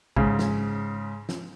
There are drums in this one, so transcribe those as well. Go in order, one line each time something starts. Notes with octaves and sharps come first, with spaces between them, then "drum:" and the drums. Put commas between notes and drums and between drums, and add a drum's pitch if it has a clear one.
G#2 C#3, drum: kick
drum: snare
drum: snare